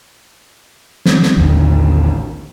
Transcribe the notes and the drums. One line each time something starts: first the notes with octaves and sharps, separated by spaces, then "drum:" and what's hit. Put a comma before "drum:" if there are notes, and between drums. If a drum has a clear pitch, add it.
drum: snare
drum: snare
A1 D#2 D3